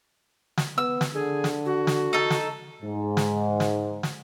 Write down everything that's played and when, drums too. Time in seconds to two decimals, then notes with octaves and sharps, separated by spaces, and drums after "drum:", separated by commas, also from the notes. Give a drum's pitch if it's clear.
0.58 drum: snare
0.78 B3 E6
1.01 drum: snare
1.14 D3 G#4
1.44 drum: snare
1.66 F#4
1.87 drum: snare
2.13 D#4 A4
2.30 drum: snare
2.82 G#2
3.17 drum: snare
3.60 drum: snare
4.03 drum: snare